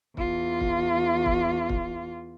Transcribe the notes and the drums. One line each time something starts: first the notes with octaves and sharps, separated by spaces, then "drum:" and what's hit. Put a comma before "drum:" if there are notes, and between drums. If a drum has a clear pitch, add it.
E2 F4, drum: kick
drum: kick
drum: kick
drum: kick